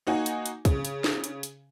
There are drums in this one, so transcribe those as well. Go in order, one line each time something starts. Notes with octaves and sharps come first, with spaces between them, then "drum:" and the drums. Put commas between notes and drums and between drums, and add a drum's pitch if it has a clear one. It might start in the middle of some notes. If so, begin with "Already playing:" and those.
A#3 D#4 F#4 G#5
drum: hi-hat
drum: hi-hat
C#3, drum: kick, hi-hat
drum: hi-hat
drum: snare
drum: hi-hat
drum: hi-hat